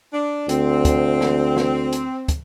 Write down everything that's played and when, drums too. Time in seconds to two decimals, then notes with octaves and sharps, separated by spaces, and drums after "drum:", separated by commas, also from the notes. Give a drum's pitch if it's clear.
0.13 D4
0.49 D2 C4, drum: hi-hat
0.85 drum: kick, hi-hat
1.21 drum: snare
1.57 drum: snare
1.93 drum: hi-hat
2.28 drum: kick, hi-hat